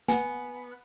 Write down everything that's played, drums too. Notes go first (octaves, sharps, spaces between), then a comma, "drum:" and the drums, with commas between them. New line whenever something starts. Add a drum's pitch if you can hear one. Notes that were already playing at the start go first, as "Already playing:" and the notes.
B3 G#5, drum: snare